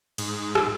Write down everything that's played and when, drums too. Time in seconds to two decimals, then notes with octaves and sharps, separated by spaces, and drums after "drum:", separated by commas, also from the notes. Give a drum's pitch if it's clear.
0.18 G#2, drum: cymbal
0.55 drum: rim click